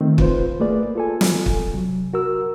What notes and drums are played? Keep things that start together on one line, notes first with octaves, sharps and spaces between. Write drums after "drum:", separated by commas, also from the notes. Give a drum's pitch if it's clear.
D#3 A3 C4
F4 B4 C5, drum: kick
A3 A#3 G#4 B4 D5
F4 A4 G#5
drum: snare
drum: kick
C3 F#3
F#4 A#4 E6